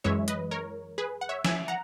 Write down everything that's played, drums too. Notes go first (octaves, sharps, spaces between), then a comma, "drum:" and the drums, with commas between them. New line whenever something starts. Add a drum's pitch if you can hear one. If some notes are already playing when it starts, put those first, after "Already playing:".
F#2 E3 G#3 C#5 E5
B4 D#5, drum: hi-hat
A#4 C#5
G#4 B4
F#5
C#5 E5
E5 G#5, drum: snare
F#5 A#5